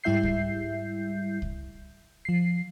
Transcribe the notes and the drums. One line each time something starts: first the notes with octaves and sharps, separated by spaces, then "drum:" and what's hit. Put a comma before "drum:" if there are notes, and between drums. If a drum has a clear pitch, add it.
G#2 G3 E4 E5 G6 C7
drum: kick C2
drum: kick C2
F3 C7